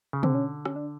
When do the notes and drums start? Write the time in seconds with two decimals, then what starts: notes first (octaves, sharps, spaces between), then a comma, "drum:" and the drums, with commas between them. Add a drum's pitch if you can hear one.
0.13 C#3
0.23 D3 C4, drum: tom
0.34 C#4
0.66 C#4, drum: rim click
0.76 D4